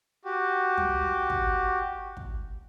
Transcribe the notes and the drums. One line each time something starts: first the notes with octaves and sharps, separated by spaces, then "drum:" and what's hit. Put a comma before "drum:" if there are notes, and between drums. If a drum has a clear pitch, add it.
F#4 G4
drum: tom
drum: kick
drum: kick